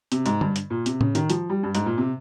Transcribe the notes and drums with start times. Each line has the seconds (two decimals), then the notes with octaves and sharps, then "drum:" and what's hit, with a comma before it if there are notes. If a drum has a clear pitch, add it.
0.12 C3, drum: hi-hat
0.26 G#2, drum: hi-hat
0.41 G2, drum: tom D3
0.56 drum: hi-hat
0.70 A#2
0.86 C3, drum: hi-hat
1.01 C#3, drum: tom A2
1.15 D#3, drum: hi-hat
1.30 F3, drum: hi-hat
1.50 G3
1.63 G2
1.75 G#2, drum: hi-hat
1.86 A#2
1.98 C3